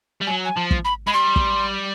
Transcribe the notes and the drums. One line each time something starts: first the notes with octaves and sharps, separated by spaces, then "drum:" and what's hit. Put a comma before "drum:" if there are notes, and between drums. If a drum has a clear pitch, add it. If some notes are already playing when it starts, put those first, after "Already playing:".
G3
F#3 G#5
G#5
F3 A5
drum: kick
B5
G#3 B5
G3 C6
drum: kick